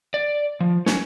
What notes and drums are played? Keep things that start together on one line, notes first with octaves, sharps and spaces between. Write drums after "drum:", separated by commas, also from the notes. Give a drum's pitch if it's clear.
D5
F3
C#4, drum: snare